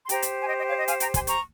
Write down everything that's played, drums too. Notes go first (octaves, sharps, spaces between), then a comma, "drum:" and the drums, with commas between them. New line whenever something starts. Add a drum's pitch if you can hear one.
C6
G4 C5 G5 A#5, drum: hi-hat
drum: hi-hat
G#5
D#5 G5
D#5 G5
C#5 F5
D#5
F5 G#5, drum: hi-hat
G5 A#5, drum: hi-hat
G#5 C6, drum: kick, hi-hat
A#5 C#6, drum: hi-hat